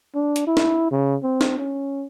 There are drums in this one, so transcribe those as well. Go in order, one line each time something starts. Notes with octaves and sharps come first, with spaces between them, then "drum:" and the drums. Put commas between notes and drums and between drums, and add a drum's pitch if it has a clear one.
D4
drum: hi-hat
E4
drum: snare
C#3
C4
drum: snare
C#4